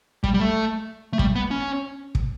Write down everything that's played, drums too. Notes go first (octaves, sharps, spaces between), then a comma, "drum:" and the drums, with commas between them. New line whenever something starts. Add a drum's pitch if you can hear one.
G3, drum: kick
G3
A3
A3
G3, drum: kick
B3
C#4
drum: kick